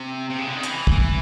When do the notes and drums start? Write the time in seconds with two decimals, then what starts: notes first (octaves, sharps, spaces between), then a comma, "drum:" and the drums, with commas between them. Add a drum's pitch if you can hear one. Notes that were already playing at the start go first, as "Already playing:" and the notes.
Already playing: C3
0.30 C3
0.38 C#3
0.47 D3
0.55 D#3
0.63 E3, drum: hi-hat
0.87 drum: kick